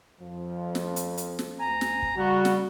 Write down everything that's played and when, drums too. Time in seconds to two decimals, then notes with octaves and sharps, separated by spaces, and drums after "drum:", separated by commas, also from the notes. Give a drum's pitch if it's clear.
0.21 F2 F3
0.75 drum: snare
0.96 drum: hi-hat
1.17 drum: hi-hat
1.39 drum: snare
1.60 D2 G#5 A#5
1.81 drum: snare
2.02 drum: kick
2.16 C#3 G3 F#4
2.45 drum: snare